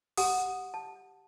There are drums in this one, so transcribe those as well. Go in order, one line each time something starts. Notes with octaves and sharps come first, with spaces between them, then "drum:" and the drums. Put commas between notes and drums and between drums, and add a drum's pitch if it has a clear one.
G4 F#5 G#5 D#6, drum: open hi-hat
A5